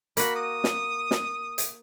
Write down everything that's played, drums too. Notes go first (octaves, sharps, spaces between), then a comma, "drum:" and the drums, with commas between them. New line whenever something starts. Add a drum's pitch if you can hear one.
A#3 F#4 B5, drum: hi-hat
D#6
drum: snare
drum: snare
drum: hi-hat